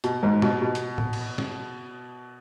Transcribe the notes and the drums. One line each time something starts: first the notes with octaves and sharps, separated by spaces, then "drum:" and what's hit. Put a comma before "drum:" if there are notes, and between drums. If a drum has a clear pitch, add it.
B2, drum: hi-hat
G#2
B2, drum: snare
B2
drum: hi-hat
drum: tom
drum: cymbal
drum: snare